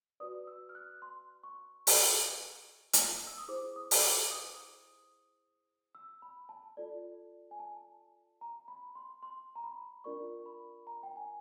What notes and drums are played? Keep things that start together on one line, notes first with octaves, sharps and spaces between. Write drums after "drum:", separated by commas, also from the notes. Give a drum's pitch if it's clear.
F#4 B4 D5 D#6
E6
F6
F#6
C6
C#6
drum: open hi-hat
drum: hi-hat
E6
D#6
E4 G#4 C5 D6
D#6
drum: open hi-hat
D6
D#6
E6
B5
A5
F4 A4 D5
G#5
A5
A#5
B5
C6
C6
A#5
B5
D4 F4 A#4 D5 C#6
B5
A#5
G5
G#5